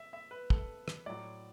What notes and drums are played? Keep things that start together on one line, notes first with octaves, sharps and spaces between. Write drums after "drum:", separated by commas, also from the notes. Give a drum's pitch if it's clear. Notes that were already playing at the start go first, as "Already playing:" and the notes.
Already playing: E5
E5
B4
A4, drum: kick
drum: rim click
A2 F#3 D5